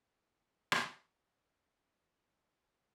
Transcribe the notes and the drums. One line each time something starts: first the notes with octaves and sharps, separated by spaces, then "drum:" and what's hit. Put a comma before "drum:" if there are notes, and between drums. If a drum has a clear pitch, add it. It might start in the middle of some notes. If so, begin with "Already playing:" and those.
drum: rim click
A4
A#3 D#6